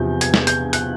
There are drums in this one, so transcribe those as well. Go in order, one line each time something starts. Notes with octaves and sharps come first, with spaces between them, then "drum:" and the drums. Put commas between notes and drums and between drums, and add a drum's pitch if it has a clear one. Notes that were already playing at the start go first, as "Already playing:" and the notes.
Already playing: E2 C3 F3 G6
G#6, drum: hi-hat
drum: snare
G6, drum: hi-hat
F#6, drum: hi-hat